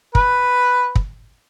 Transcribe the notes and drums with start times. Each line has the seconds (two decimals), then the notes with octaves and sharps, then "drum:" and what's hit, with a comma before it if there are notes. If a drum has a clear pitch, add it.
0.15 B4, drum: kick
0.95 drum: kick